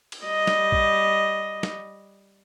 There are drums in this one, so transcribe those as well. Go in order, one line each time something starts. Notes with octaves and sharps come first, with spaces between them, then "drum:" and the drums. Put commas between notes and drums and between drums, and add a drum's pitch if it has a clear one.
drum: cymbal
G3 D#5
drum: snare
drum: kick A#1
drum: snare